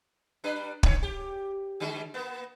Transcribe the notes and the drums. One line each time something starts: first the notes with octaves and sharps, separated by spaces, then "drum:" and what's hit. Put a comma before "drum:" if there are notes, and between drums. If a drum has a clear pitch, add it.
G3 D4 B4
D3 C#5, drum: kick
G4
D3 G3 G#3
A#3 B3